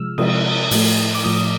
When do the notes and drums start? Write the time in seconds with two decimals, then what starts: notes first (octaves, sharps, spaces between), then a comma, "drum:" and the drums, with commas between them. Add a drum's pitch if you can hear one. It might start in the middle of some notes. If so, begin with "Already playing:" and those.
Already playing: C3 F3 G#3 E6 F6
0.18 C3 F3 G#3 D#6, drum: cymbal
0.71 A2 F3 A3, drum: open hi-hat
1.15 D6
1.24 A2 F3 A3 D#6